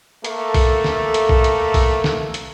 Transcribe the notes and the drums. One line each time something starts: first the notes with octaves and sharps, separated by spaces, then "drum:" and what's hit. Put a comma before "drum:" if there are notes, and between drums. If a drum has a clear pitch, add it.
A3 A#3 A4, drum: hi-hat
drum: kick B1, open hi-hat
drum: snare
drum: hi-hat
drum: kick B1
drum: hi-hat
drum: kick B1, open hi-hat
drum: snare
drum: hi-hat